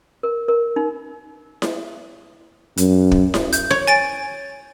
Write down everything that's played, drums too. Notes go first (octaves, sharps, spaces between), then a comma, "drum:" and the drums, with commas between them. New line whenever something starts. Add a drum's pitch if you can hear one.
A#4
A#4
D#4
drum: snare E4
F#2, drum: hi-hat
drum: kick
drum: snare E4
G6, drum: hi-hat
C#5
G#5 A6 D7